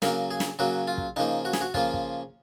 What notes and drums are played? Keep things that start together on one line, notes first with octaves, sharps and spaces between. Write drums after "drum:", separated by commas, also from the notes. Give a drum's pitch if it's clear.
C#3 F#3 A#3 A#4, drum: snare
G#4
drum: snare
C#3 F#3 A#3 F#4
F4
drum: kick
C#3 F3 A#3 D#4
F#4
G#4, drum: snare
F#4
C#3 F3 A#3 F4, drum: kick
drum: kick